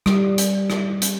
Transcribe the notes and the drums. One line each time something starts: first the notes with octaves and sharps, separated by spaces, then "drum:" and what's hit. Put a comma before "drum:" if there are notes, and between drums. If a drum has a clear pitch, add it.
G3, drum: rim click
drum: hi-hat
drum: rim click
drum: hi-hat